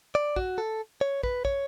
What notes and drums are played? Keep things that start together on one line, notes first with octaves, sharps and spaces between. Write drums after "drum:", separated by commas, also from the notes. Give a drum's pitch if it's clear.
D5
F#4, drum: kick
A4
C#5
B4, drum: kick
C#5, drum: kick